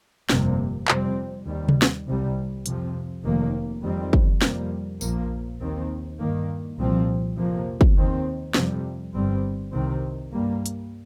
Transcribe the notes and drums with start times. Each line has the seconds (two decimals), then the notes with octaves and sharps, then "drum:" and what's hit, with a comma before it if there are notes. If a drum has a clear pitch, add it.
0.29 G1 F2 C3 G3 A#3, drum: snare
0.88 F2 C3 G3 C4, drum: clap
1.47 D#2 D#3 G3
1.69 drum: tom C3
1.82 drum: snare
2.06 C2 C3 G3
2.66 F2 C3 F3, drum: hi-hat
3.24 F1 D#2 D#3 A#3
3.83 F2 D#3 G3 C4
4.13 drum: kick
4.42 F2 C3 G3 A#3, drum: snare
5.01 A#1 A#2 F3 A#3, drum: tambourine
5.60 D#2 D#3 C4
6.19 G2 D#3 A#3
6.78 C2 A#2 F3 C4
7.36 F2 C3 F3 A#3
7.81 drum: kick
7.95 D#2 D#3 C4
8.54 F2 C3 G3, drum: snare
9.13 G1 G2 G3 C4
9.72 C2 C3 D#3 C4
10.31 G2 G3 A#3
10.66 drum: hi-hat